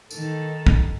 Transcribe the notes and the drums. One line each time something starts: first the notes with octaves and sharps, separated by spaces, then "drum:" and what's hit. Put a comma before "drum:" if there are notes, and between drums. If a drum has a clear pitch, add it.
D#3 A4, drum: tambourine
drum: kick